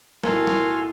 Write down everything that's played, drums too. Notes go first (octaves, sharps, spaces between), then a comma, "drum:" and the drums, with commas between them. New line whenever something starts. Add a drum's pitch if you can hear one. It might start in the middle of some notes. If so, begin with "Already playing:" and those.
B1 A2 F4 F#4 A4 A#4 G#5 C6, drum: snare
drum: snare